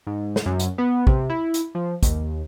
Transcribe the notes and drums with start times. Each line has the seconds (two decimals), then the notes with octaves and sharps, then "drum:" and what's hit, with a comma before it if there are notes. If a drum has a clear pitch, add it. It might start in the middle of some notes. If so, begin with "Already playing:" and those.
0.07 G#2
0.36 drum: snare
0.46 F#2
0.60 drum: hi-hat
0.78 B3
1.07 C3, drum: kick
1.30 E4
1.54 drum: hi-hat
1.75 F3
2.03 D#2, drum: kick, hi-hat